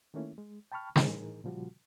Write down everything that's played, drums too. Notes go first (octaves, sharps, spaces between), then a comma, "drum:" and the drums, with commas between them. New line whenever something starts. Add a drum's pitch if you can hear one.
D#3 A3 A#3 C#4 E4
G#3
G5 A5 B5 C#6 F6
A2 E3 D#4 G#4 A#4, drum: snare
A#2 C#3 F3 G3 F4 F#4